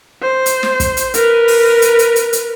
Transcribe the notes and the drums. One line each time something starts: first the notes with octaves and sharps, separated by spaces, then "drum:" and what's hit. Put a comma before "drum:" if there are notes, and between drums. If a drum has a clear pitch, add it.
C5
drum: hi-hat
drum: snare
drum: kick, hi-hat
drum: hi-hat
A#4 B4, drum: hi-hat
drum: open hi-hat
drum: hi-hat
drum: hi-hat
drum: hi-hat
drum: hi-hat